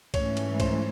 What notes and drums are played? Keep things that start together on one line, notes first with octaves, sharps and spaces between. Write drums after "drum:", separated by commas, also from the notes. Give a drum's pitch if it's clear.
G#2 E3 A3 C#4 C#5, drum: kick C2, cymbal
drum: cymbal
C5, drum: kick C2, cymbal